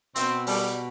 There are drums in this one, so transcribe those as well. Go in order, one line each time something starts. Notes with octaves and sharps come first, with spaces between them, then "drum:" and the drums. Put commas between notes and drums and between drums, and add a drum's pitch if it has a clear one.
B2 C4, drum: hi-hat
G3, drum: open hi-hat